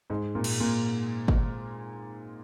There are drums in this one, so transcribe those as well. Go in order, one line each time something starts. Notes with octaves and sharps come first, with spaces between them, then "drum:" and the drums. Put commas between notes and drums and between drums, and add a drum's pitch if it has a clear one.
G#2 G#3
A#2 A#3
drum: cymbal
A#2 A#3
drum: kick